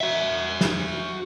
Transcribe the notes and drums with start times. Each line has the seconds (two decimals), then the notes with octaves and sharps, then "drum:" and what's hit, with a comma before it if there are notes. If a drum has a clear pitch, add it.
0.01 F#4 E5
0.61 drum: snare